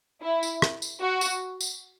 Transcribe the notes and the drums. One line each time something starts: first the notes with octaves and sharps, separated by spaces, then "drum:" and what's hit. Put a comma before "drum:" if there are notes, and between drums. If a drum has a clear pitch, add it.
E4
drum: tambourine
drum: rim click
drum: tambourine
F#4
drum: tambourine
drum: tambourine